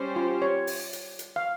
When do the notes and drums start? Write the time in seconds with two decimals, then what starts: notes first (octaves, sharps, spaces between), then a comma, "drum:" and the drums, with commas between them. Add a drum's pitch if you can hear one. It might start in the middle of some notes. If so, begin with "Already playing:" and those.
Already playing: G3 C#4 G4 C5
0.16 F4
0.42 C#5
0.67 drum: open hi-hat
0.93 drum: hi-hat
1.19 drum: hi-hat
1.36 F5